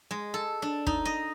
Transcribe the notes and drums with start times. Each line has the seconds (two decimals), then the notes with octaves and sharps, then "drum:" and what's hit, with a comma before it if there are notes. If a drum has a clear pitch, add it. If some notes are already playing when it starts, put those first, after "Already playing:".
0.11 G#3
0.34 A4
0.62 D4
0.87 D#4, drum: kick
1.05 D#5